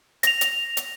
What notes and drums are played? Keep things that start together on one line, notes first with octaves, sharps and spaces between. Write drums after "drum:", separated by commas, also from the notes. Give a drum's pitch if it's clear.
A#6 F7, drum: hi-hat
drum: hi-hat
drum: hi-hat